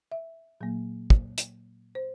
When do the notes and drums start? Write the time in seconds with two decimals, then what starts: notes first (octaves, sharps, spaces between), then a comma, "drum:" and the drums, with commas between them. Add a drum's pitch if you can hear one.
0.12 E5
0.61 A#2 F#3 A#3
1.10 drum: kick
1.38 drum: hi-hat
1.95 C5